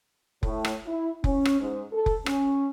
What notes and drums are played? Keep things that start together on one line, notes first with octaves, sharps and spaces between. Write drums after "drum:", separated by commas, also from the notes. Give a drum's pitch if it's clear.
A2, drum: kick F1
drum: rim click
E4
C#4, drum: kick F1
drum: rim click
G#2
A4
drum: kick F1
C#4, drum: rim click